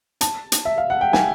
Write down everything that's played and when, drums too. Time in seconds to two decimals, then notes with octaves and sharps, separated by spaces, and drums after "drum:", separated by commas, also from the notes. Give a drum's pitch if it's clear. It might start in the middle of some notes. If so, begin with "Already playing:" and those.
0.21 A5, drum: hi-hat
0.52 drum: hi-hat
0.65 E5
0.78 F5
0.90 F#5
1.01 G5
1.13 G#5, drum: snare